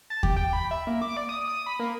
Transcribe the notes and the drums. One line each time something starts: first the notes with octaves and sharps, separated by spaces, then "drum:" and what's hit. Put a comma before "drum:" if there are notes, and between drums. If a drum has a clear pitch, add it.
A5
G4, drum: kick D#2
G5
B5
E5
A#3
D6
D5
D#6
D#6
B5
A#3